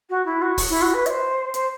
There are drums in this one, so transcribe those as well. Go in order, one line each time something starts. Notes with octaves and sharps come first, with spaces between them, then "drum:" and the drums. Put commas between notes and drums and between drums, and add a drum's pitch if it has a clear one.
F#4
E4
F#4
drum: kick, open hi-hat
E4
F#4
B4
E5, drum: hi-hat
C5
C5, drum: hi-hat